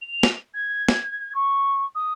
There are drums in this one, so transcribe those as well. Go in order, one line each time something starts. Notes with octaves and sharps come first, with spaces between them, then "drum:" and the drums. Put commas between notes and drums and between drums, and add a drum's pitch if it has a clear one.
F7
drum: snare
G#6
drum: snare
C#6
D#6